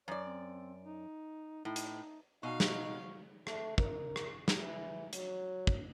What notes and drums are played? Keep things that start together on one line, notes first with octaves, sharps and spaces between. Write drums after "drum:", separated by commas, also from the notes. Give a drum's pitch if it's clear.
F#2 C#5 D5
C4
D#4
A2 D#4
drum: hi-hat
B2 D#4 F#4 F5 C#6
drum: snare
A3, drum: rim click
A#4, drum: kick
drum: rim click
drum: snare
E3
F#3, drum: hi-hat
drum: kick